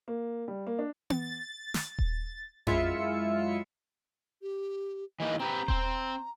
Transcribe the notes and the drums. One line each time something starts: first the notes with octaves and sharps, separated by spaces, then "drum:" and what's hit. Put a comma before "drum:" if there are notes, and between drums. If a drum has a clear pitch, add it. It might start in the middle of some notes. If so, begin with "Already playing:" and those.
A#3
G3
A#3
D4
A6, drum: tom B3
drum: snare
drum: kick D#1
F#2 G#3 E4 F4 E5 C#7, drum: tom F2
G4
E3 A#3 D#4 D#5
C4 G4 B4 A#5
C4 C5, drum: kick D#1